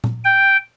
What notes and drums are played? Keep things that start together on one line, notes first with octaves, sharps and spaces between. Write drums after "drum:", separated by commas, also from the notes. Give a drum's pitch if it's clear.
drum: tom A#2
G5